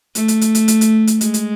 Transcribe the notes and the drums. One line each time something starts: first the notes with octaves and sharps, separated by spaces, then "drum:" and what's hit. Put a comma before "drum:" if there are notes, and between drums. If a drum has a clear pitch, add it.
A3, drum: hi-hat
drum: hi-hat
drum: hi-hat
drum: hi-hat
drum: hi-hat
drum: hi-hat
drum: hi-hat
G#3, drum: hi-hat
drum: hi-hat